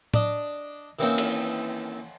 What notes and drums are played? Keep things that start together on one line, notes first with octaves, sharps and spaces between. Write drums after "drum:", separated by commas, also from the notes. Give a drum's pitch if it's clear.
D4 D#5, drum: tom A2
D#3 E3 A#3 C4 C#4 D#4
drum: cymbal